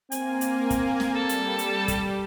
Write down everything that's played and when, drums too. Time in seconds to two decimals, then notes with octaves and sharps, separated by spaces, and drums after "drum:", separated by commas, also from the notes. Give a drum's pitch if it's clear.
0.12 A#3 C4 G#5, drum: hi-hat
0.41 drum: hi-hat
0.70 drum: kick, hi-hat
1.00 drum: snare
1.15 G3 A4
1.29 drum: hi-hat
1.59 drum: hi-hat
1.88 drum: kick, hi-hat